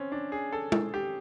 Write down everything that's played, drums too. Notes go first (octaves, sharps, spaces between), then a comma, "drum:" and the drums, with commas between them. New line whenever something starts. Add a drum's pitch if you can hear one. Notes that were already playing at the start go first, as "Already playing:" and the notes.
Already playing: C4 C#4
D4
G#4
A4
A4, drum: tom
G4